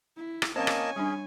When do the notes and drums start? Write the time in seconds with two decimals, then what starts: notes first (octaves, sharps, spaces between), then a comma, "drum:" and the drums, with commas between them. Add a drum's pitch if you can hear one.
0.17 E4
0.42 drum: rim click
0.56 A#3 C4 C#4 C5 C#5 D#5 G#5 A5
0.67 drum: rim click
0.96 G3 C#4 D4 G#4